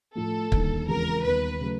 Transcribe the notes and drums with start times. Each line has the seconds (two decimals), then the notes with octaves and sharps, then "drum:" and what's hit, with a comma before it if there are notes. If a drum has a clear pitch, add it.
0.15 A2 F3 A3 A4
0.52 D#2 D3 G3 A#3 D#4, drum: kick
0.88 E2 C#3 F3 G#3 C4 A#4
1.24 D#2 D#3 G3 B3 B4
1.61 C#3 F#3 A3